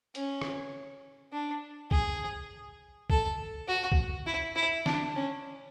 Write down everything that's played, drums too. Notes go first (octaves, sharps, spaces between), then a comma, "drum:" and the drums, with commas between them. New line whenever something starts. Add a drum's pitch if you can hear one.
C#4, drum: hi-hat
drum: rim click
D4
G#4, drum: kick
A4, drum: kick
F#4
drum: kick
E4
E4
D4, drum: snare
C#4